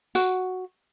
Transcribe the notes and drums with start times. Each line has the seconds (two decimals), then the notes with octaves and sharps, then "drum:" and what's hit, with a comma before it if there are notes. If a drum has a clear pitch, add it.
0.15 F#4, drum: tambourine